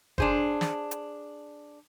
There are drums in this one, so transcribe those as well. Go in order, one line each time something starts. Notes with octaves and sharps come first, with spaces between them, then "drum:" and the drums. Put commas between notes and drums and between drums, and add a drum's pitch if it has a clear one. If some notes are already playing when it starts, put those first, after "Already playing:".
D4 G#4 C5, drum: kick F#1
drum: snare
drum: hi-hat